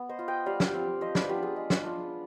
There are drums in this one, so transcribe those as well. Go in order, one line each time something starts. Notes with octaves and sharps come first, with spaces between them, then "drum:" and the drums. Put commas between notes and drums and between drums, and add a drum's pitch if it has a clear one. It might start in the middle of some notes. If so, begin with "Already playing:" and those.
Already playing: B3
C5 D#5
F4
D#5 G5
G3 D5 F5
drum: snare
C4 F4
F3 C5 D#5
B4 D5, drum: snare
B3 D4 F4 G4
F4 G#4
G#3
drum: snare
D4 F4